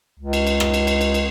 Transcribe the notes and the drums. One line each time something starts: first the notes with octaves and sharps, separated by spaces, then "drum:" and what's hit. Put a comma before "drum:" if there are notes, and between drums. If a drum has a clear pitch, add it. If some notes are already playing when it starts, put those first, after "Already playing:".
C#2
drum: cymbal
drum: cymbal
drum: rim click
drum: cymbal
drum: cymbal
drum: cymbal
drum: cymbal